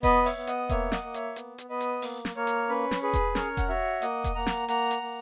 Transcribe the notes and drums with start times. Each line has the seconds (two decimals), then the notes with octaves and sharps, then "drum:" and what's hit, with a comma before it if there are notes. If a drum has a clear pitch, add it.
0.03 B3 B4 D#5, drum: kick E1, hi-hat
0.26 C#5 E5, drum: open hi-hat
0.36 B3
0.47 D#5 F#5, drum: hi-hat
0.69 A#3 C#5 E5, drum: kick E1, hi-hat
0.92 D#5 F#5, drum: snare
1.03 A#3
1.14 C#5 E5, drum: hi-hat
1.36 B3, drum: hi-hat
1.58 drum: hi-hat
1.69 B3 B4 D#5
1.80 drum: hi-hat
2.02 A#3, drum: open hi-hat
2.25 drum: snare
2.36 A#3 A#4 C#5
2.47 drum: hi-hat
2.69 C#4 B4
2.91 drum: snare
3.03 G#4 B4
3.13 drum: kick E1, hi-hat
3.35 C#4 A#4 C#5, drum: snare
3.57 F#5, drum: kick E1, hi-hat
3.69 F#4 C#5 E5
4.02 A#3 D#5 F#5, drum: hi-hat
4.24 drum: kick E1, hi-hat
4.35 A#3 F#5 A#5
4.46 drum: snare
4.68 A#3 F#5 A#5, drum: hi-hat
4.91 drum: hi-hat
5.02 A#3